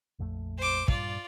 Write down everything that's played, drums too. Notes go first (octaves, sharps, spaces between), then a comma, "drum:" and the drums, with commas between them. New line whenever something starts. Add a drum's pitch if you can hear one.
A#1 F2 A3
C5 D6
G2 A#2 G3 F4 D5, drum: kick